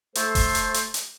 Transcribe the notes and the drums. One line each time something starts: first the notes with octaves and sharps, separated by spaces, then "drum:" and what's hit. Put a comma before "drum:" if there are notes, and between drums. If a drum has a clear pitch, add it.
A3 A4 C5, drum: hi-hat
drum: kick F1, open hi-hat
drum: hi-hat
drum: hi-hat
drum: hi-hat